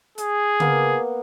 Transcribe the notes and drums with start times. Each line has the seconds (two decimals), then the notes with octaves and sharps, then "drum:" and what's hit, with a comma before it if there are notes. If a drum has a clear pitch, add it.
0.18 G#4, drum: hi-hat
0.60 A#3 B3, drum: tom C#3